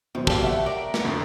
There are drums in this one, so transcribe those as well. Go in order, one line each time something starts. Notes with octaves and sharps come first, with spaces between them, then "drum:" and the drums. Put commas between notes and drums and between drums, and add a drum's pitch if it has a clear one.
B2 D#3 F#3 C5
A#3 D4 G4 A4, drum: kick
A3 E5 F#5
A#4 D5
drum: snare
F2 A2 D3